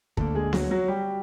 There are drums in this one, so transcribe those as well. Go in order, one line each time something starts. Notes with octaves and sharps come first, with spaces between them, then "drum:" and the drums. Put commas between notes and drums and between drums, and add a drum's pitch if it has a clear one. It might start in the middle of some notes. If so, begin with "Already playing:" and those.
D2 D3 G3 A3 A#3 A4, drum: kick
G#3 G#4
F#3 F#4, drum: snare B3
F#3 F#4
G3 G4